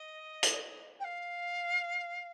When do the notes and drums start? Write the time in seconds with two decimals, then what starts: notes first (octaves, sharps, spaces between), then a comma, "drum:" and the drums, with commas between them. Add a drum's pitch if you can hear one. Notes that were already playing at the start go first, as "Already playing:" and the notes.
Already playing: D#5
0.43 drum: hi-hat
0.99 G5
1.04 F5